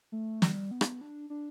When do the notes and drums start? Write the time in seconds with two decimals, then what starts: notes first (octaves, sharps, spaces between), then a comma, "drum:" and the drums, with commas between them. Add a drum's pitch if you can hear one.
0.12 A3
0.42 G3, drum: snare
0.71 B3
0.81 drum: rim click
1.01 D4
1.30 D4